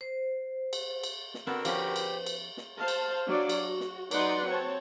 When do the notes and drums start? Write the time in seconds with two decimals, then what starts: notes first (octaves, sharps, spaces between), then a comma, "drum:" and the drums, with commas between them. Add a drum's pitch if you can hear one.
0.01 C5
0.73 drum: cymbal
1.03 drum: cymbal
1.34 drum: snare
1.47 D3 B3 C4 F#4 A#4 E6
1.65 F3 C#4 G4 B4 C5 G5, drum: cymbal
1.96 drum: cymbal
2.26 drum: cymbal
2.57 drum: snare
2.78 C5 F5 A5
2.88 drum: cymbal
3.28 F#3 D4 D5 F5
3.49 drum: cymbal
3.62 F#4
3.80 drum: snare
4.11 F#3 D#4 B4 D5 F#5 C6, drum: cymbal
4.46 C4 C#5 A5